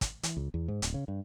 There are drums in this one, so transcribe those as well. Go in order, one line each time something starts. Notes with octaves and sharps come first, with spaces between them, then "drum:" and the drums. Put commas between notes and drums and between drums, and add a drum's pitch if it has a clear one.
drum: kick, hi-hat
E3, drum: hi-hat
C#2
E2
G#2
D1, drum: hi-hat
C#3
G2